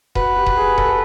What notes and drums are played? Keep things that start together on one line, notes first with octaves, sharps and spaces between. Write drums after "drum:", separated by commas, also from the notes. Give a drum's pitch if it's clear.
F#4 B4, drum: kick D#1
G4
drum: kick D#1
G#4
A4, drum: kick D#1
A4